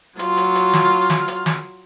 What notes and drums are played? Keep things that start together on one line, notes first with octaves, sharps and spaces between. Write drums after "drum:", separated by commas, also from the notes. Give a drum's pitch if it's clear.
F#3 F4, drum: hi-hat
drum: hi-hat
drum: hi-hat
drum: snare
drum: snare
drum: hi-hat
drum: snare